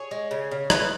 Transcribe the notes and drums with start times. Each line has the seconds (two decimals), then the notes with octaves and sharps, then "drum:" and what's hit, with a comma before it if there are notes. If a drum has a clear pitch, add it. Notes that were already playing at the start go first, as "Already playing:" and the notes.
Already playing: G#4 C#5
0.11 G#3
0.31 C#3
0.52 C#3
0.70 C#3 B4 D#5, drum: rim click